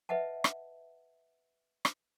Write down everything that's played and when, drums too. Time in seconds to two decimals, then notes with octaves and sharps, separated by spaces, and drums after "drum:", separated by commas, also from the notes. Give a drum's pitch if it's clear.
0.09 B4 D#5 E5 F#5 A5
0.44 drum: rim click
1.85 drum: rim click